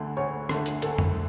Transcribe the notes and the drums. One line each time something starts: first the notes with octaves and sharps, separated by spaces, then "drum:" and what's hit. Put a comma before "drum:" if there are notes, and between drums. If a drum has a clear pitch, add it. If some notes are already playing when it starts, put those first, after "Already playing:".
Already playing: D2 D3 A3
D2 C#5
D3 A3, drum: rim click
drum: hi-hat
D2 A4, drum: hi-hat
drum: tom F2